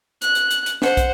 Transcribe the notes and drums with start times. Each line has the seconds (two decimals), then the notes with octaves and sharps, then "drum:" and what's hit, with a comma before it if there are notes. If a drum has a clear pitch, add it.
0.22 F#6, drum: hi-hat
0.35 drum: hi-hat
0.51 drum: hi-hat
0.66 drum: hi-hat
0.82 C5 F#5, drum: snare
0.97 drum: kick, hi-hat